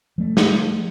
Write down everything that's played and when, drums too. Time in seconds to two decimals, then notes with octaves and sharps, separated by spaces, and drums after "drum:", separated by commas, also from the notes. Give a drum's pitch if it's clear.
0.18 F3 A3
0.37 drum: snare